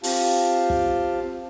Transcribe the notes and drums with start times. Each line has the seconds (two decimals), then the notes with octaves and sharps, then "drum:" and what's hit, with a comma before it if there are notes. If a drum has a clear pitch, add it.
0.03 C4 F4 G4 F5 A5, drum: open hi-hat
0.70 drum: kick